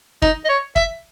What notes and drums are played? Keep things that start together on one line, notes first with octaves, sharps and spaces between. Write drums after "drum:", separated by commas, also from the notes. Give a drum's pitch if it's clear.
D#4, drum: kick
D#5
C#5
E5, drum: kick